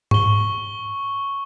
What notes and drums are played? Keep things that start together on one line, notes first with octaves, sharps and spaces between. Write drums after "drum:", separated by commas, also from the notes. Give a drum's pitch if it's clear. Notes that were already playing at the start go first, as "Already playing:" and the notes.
C#6 G7, drum: tom G#2